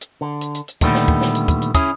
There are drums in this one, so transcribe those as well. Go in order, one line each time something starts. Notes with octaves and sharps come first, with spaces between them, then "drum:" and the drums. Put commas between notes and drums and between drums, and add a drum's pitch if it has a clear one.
drum: hi-hat
D3
drum: hi-hat
drum: hi-hat
drum: hi-hat
A#2 D3 D#3 G3 A3 B3, drum: kick, hi-hat
drum: snare
drum: kick
drum: snare
drum: hi-hat
drum: kick, hi-hat
drum: hi-hat
C#4 E4 G#4, drum: kick, hi-hat